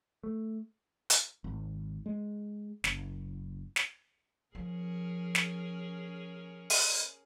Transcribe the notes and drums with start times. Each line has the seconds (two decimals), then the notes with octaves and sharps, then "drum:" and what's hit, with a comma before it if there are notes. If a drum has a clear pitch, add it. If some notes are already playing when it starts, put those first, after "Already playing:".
0.24 A3
1.10 drum: hi-hat
1.44 G#1
2.06 G#3
2.84 F#1, drum: snare
3.76 drum: snare
4.55 F3 C#4 G#4 A#4
5.35 drum: snare
6.70 drum: open hi-hat